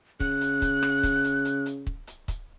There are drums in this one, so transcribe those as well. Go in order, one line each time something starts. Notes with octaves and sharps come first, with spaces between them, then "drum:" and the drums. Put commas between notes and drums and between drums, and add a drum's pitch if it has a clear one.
C#3 F#6, drum: kick C#1
drum: hi-hat
drum: kick C#1, hi-hat
drum: rim click
drum: kick C#1, hi-hat
drum: hi-hat
drum: hi-hat
drum: hi-hat
drum: kick C#1
drum: hi-hat
drum: kick C#1, hi-hat